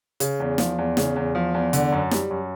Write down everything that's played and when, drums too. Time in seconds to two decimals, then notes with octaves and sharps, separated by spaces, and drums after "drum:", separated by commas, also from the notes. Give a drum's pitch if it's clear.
0.20 C#3, drum: hi-hat
0.40 E2
0.58 F3, drum: snare
0.78 E2
0.97 C#3, drum: snare
1.16 E2
1.35 F3
1.54 E2
1.73 D3, drum: hi-hat
1.92 F#2
2.11 G3, drum: snare
2.31 F#2